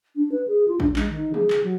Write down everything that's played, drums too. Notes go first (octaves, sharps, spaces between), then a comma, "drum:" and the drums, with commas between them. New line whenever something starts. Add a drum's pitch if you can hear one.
D4
B4
G#4
F4
D4, drum: kick
G#3, drum: clap
D#3
G#4, drum: tom
drum: clap
F#3